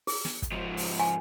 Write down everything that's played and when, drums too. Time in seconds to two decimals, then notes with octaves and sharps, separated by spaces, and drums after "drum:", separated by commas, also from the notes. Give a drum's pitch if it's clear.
0.07 G#4, drum: open hi-hat
0.25 drum: snare
0.42 drum: kick, hi-hat
0.52 G#2 F3
0.77 drum: open hi-hat
1.00 G#5